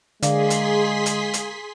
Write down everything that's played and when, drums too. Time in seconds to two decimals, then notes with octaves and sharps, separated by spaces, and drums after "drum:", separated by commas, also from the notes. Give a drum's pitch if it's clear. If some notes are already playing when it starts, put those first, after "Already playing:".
0.23 D3 G#3 A#3 G#4 C6 B6, drum: hi-hat
0.50 drum: hi-hat
1.06 drum: hi-hat
1.34 drum: hi-hat